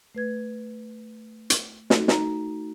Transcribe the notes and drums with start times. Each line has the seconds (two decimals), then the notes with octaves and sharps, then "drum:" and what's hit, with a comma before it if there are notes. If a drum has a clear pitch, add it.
0.15 A3 B4 G#6
1.50 drum: hi-hat
1.90 A3 D#4 F#4 A4, drum: snare
2.08 D#4 A#5, drum: snare